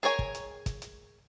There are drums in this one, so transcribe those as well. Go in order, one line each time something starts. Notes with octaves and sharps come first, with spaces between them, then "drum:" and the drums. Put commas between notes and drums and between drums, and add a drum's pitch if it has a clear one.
G#4 A#4 C#5 G#5
drum: kick
drum: hi-hat
drum: kick, hi-hat
drum: hi-hat